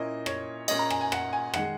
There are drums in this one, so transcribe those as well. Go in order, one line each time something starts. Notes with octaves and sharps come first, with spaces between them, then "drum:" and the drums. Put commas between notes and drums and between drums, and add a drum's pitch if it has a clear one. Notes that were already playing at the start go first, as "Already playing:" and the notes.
Already playing: A#2 A#3 C#4 E4 D#5
C#5, drum: rim click
A#2 A#3 C#4 D#5, drum: cymbal
A#5
G#5, drum: rim click
G#5
F#5, drum: rim click
G#5
D#3 G#3 F#5, drum: rim click